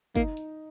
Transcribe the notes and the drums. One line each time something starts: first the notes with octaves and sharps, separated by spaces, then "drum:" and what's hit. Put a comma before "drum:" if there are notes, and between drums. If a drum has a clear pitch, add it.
A#3 D#4, drum: kick, hi-hat
drum: hi-hat